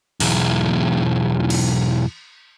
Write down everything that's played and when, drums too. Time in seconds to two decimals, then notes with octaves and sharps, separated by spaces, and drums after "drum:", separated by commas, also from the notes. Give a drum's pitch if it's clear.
0.20 B1 E2, drum: open hi-hat
1.50 drum: cymbal